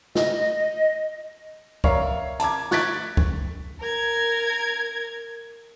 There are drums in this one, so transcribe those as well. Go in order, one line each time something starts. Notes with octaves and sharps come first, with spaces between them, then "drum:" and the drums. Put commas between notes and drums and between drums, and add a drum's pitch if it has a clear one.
D#5, drum: snare
A#4 C#5 D5 E5 F5 A#5, drum: kick
A5 A#5 D6 G#6, drum: hi-hat
C#6 F#6 G#6 A6 B6 D7, drum: snare
drum: kick
A#4 G#6